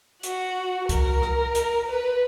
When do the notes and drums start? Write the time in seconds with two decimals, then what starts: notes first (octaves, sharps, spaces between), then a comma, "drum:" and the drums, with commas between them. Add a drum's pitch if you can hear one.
0.23 F#4, drum: hi-hat
0.89 A#4, drum: kick C2, hi-hat
1.22 drum: rim click
1.55 drum: hi-hat
1.87 B4